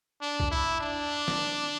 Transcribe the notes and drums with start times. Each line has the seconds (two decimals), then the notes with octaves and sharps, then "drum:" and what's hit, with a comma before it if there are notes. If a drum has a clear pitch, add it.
0.21 D4
0.40 drum: kick
0.51 E4
0.81 D4
1.28 drum: snare